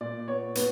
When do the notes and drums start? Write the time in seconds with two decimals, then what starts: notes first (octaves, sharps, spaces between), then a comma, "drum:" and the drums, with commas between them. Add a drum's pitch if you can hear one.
0.01 A#2 D5
0.28 B3 C#5
0.55 B3 B4, drum: hi-hat